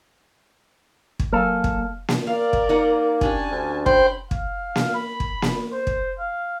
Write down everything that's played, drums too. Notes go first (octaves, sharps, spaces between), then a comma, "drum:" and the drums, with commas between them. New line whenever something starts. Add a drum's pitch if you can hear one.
drum: kick
F#3 A#3 A4 F5 G#5 F6
drum: kick
drum: snare A#3
A#4 D5 F5
drum: kick
A#3 D#4 F#5
C#4 D4 G4 G#5 A5, drum: kick
D2
C5 G5 B5, drum: kick
F5, drum: kick
drum: snare A#3
B5
drum: kick
drum: snare A#3
C5
drum: kick
F5